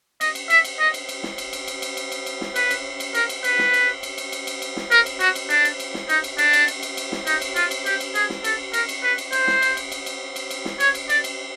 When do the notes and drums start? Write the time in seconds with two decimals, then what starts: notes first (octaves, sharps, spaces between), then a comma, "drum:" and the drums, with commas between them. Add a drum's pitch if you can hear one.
0.21 D#5, drum: cymbal
0.35 drum: cymbal
0.50 E5, drum: cymbal
0.64 drum: cymbal
0.80 D#5
0.94 drum: cymbal
1.09 drum: cymbal
1.23 drum: snare
1.38 drum: cymbal
1.53 drum: cymbal
1.68 drum: cymbal
1.82 drum: cymbal
1.97 drum: cymbal
2.12 drum: cymbal
2.26 drum: cymbal
2.41 drum: snare
2.56 B4, drum: cymbal
2.71 drum: cymbal
3.00 drum: cymbal
3.15 A#4, drum: cymbal
3.29 drum: cymbal
3.44 B4, drum: cymbal
3.59 drum: snare
3.74 drum: cymbal
4.03 drum: cymbal
4.18 drum: cymbal
4.32 drum: cymbal
4.47 drum: cymbal
4.62 drum: cymbal
4.77 drum: snare
4.91 A#4, drum: cymbal
5.06 drum: cymbal
5.20 F#4, drum: cymbal
5.35 drum: cymbal
5.50 D4, drum: cymbal
5.65 drum: cymbal
5.80 drum: cymbal
5.94 drum: snare
6.09 D#4, drum: cymbal
6.24 drum: cymbal
6.38 D4, drum: cymbal
6.53 drum: cymbal
6.68 drum: cymbal
6.83 drum: cymbal
6.97 drum: cymbal
7.12 drum: snare
7.27 D#4, drum: cymbal
7.41 drum: cymbal
7.56 F4, drum: cymbal
7.71 drum: cymbal
7.86 G4, drum: cymbal
8.00 drum: cymbal
8.15 G#4, drum: cymbal
8.30 drum: snare
8.44 A4, drum: cymbal
8.73 A#4, drum: cymbal
8.89 drum: cymbal
9.03 B4
9.18 drum: cymbal
9.32 C5, drum: cymbal
9.47 drum: snare
9.62 drum: cymbal
9.77 drum: cymbal
9.92 drum: cymbal
10.06 drum: cymbal
10.36 drum: cymbal
10.50 drum: cymbal
10.65 drum: snare
10.80 C#5, drum: cymbal
10.95 drum: cymbal
11.09 D5, drum: cymbal
11.24 drum: cymbal